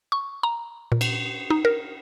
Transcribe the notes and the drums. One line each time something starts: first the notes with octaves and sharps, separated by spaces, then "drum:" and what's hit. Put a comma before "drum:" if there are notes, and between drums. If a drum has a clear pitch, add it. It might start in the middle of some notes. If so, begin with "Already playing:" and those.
C#6
A#5
A#2
drum: cymbal
D#4
A#4